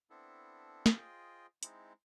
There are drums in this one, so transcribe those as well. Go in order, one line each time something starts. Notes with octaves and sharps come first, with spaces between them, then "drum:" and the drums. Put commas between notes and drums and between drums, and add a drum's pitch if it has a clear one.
B3 C4 D4 E4 A4
F4 G#4 C5 D#5 G5, drum: snare
G#3 C4 D#4 E4, drum: hi-hat